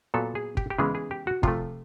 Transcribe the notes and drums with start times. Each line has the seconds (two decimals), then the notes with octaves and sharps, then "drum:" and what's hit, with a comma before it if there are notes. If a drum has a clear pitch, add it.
0.14 A#2 F#3 B3 A4
0.35 G#4
0.57 G4, drum: kick
0.70 G4
0.78 C#3 E3 G#3 B3 G#4
0.95 G#4
1.11 G4
1.27 F#4
1.43 C3 F3 A3 F4, drum: kick